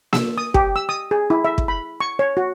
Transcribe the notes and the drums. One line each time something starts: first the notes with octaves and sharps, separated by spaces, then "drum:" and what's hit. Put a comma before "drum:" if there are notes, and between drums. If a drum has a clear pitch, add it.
E6, drum: snare A#3
D#6
G4, drum: kick
E6
D#6
G#4
E4
E5
drum: kick
B5
C#6
C#5
F#4